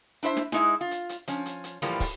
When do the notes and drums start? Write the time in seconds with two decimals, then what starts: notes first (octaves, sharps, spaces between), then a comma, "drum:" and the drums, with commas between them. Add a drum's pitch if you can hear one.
0.23 D4 E4 C5 E5
0.37 drum: snare
0.52 G#3 D#4 E4, drum: snare
0.81 F4
0.91 drum: hi-hat
1.09 drum: hi-hat
1.28 F3 C#4, drum: hi-hat
1.46 drum: hi-hat
1.64 drum: hi-hat
1.82 A2 E3 F3 G3 A#3, drum: hi-hat
2.00 drum: kick, open hi-hat